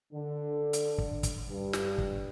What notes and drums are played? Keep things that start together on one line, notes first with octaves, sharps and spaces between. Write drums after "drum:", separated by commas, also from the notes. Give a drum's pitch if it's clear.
D3
drum: hi-hat
drum: kick
drum: kick, hi-hat
G2
drum: snare
drum: kick